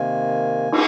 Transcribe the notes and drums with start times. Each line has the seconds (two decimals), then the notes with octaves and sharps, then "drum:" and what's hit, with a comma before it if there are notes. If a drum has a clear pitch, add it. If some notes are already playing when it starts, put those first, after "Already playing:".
Already playing: C3 D#3 A#3 G#5
0.72 drum: cymbal